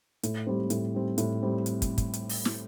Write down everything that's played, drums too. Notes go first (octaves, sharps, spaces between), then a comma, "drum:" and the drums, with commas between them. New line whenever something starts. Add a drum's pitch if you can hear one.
A2, drum: hi-hat
G3 C4
A2, drum: hi-hat
G3 C4
A2, drum: hi-hat
G3 C4
drum: hi-hat
drum: kick, hi-hat
drum: kick, hi-hat
drum: hi-hat
drum: open hi-hat
drum: snare